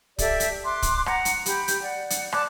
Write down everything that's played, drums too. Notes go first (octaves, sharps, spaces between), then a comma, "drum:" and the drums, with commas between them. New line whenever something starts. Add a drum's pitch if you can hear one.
G4 A4 D5 E5, drum: kick, hi-hat
drum: hi-hat
C6 D6 F#6
drum: kick, hi-hat
F#5 A#5, drum: rim click
drum: hi-hat
G4 B5, drum: hi-hat
drum: hi-hat
D5 F#5
drum: hi-hat
D5 A5 D6 F#6, drum: rim click